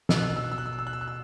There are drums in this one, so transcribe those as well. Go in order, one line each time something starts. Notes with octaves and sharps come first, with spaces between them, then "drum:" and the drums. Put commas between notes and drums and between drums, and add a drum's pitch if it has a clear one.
B2 E6, drum: snare
F#6
E6
F#6
E6
F#6
E6
F#6
E6
F#6
E6
F#6
E6
F#6
E6